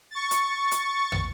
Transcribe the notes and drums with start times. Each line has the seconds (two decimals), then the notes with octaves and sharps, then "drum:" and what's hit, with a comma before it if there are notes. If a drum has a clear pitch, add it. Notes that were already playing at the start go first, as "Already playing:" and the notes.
0.11 C#6 A6
0.31 drum: hi-hat
0.71 drum: hi-hat
1.12 drum: tom